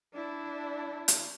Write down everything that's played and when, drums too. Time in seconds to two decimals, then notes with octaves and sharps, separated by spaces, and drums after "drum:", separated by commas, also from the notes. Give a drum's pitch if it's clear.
0.14 D4 E4
1.08 drum: hi-hat